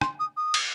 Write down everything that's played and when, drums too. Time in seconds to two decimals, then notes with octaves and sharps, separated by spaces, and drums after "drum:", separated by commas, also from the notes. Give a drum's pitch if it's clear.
0.01 C6, drum: rim click
0.20 D#6
0.37 D#6
0.54 drum: cymbal